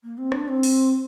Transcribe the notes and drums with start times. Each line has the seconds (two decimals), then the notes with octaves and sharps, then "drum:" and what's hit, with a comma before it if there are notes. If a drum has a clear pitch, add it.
0.04 A#3
0.18 C4
0.32 D4, drum: rim click
0.48 C4
0.63 drum: open hi-hat